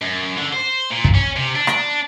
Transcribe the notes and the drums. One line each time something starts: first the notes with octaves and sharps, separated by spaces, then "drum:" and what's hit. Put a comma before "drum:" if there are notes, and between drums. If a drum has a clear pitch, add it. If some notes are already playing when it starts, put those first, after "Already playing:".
F#2
D3
C5
A#2
drum: kick
C#4
C3
D4
drum: rim click